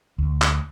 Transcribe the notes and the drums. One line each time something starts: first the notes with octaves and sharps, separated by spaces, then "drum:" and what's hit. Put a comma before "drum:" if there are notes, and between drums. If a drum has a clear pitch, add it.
D2
drum: clap